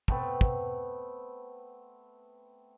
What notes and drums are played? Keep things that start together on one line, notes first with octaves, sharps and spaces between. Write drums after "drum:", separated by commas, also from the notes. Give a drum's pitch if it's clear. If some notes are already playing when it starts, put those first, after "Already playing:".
A3 B3 C4, drum: kick
drum: kick